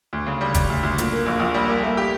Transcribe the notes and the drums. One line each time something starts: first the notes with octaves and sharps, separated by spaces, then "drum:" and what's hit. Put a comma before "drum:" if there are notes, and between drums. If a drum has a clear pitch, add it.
D2
C#3
G3
G3, drum: kick, hi-hat
D2
D2
A#2, drum: hi-hat
A#3
A#1
A#1
G3
A#3
A3
G4